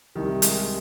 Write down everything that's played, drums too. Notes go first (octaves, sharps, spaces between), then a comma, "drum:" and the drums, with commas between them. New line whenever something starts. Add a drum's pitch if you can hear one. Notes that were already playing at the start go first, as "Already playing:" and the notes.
C2 C3 D#3 G3
G#3, drum: hi-hat